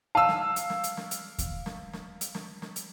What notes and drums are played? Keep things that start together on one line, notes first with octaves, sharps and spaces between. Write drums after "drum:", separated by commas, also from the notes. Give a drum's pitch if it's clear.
F5 A5 E6
drum: snare
drum: hi-hat
drum: snare
drum: hi-hat
drum: snare
drum: hi-hat
drum: kick D#2, hi-hat
drum: snare
drum: snare
drum: hi-hat
drum: snare
drum: snare
drum: hi-hat